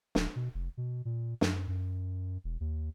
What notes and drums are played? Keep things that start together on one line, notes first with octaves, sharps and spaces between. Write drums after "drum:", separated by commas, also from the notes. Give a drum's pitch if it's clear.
D#1, drum: snare
B2
F1
B2
A#2
F#2, drum: snare
F#2
E1
D#2